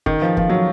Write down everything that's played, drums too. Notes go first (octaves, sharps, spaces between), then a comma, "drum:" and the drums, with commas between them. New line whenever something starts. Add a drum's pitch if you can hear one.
D#3, drum: kick
F3
F3, drum: kick
F#3